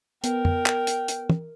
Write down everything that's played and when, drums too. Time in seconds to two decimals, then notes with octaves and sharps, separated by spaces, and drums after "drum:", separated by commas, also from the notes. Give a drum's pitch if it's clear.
0.24 B3 A#4 G5, drum: hi-hat
0.45 drum: tom
0.66 drum: clap
0.87 drum: hi-hat
1.08 drum: hi-hat
1.30 drum: tom